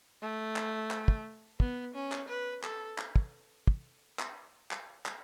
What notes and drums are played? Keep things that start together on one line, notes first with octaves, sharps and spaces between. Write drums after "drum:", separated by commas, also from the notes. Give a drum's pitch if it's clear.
A3
drum: clap
drum: clap
drum: kick
B3, drum: kick
C#4
drum: clap
B4
A4, drum: clap
drum: clap
drum: kick
drum: kick
drum: clap
drum: clap
drum: clap